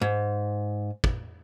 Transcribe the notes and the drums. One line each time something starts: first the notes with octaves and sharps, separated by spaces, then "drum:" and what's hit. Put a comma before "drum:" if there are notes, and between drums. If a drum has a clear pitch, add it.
G#2
drum: kick